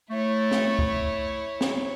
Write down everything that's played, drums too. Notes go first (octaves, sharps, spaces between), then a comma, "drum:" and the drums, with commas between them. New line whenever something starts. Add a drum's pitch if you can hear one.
A3 E4 C#5
drum: snare
drum: kick C2
drum: snare